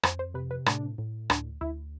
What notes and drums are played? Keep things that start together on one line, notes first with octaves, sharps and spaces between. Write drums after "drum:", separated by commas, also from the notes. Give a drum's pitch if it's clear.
F2 C5, drum: rim click
C5
C3 B4
B4
A2 D4, drum: rim click
A2
D2 D4, drum: rim click
D2 E4